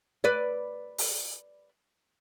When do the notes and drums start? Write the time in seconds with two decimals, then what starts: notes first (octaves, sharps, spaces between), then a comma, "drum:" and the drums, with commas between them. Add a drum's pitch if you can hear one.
0.24 B4 D5
0.98 drum: open hi-hat